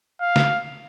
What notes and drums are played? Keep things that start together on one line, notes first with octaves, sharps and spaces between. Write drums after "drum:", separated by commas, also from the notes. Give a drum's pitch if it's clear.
F5
drum: snare